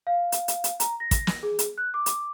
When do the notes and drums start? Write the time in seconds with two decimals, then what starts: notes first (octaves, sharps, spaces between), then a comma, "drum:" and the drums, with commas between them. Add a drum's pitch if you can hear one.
0.07 F5
0.32 drum: hi-hat
0.48 drum: hi-hat
0.64 drum: hi-hat
0.80 A#5, drum: hi-hat
1.00 A#6
1.11 drum: kick, hi-hat
1.27 drum: snare
1.43 G#4
1.59 drum: hi-hat
1.78 F#6
1.94 D6
2.06 drum: hi-hat